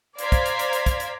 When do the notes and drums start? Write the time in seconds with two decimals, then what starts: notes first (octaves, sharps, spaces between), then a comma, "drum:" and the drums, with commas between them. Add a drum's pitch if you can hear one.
0.18 C5 D5 F5 A#5 G#6 B6, drum: hi-hat
0.32 drum: kick, hi-hat
0.46 drum: hi-hat
0.59 drum: hi-hat
0.73 drum: hi-hat
0.86 drum: kick, hi-hat
1.00 drum: hi-hat